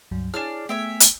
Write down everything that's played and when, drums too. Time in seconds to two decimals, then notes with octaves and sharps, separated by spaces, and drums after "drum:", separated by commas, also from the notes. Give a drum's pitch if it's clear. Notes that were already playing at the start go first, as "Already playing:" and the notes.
0.11 C#2 G2 F#3
0.34 D4 E4 G#4 C#5 D5 G#5 A5 F6
0.69 A3 B3 C#5 E5 G5
1.00 drum: hi-hat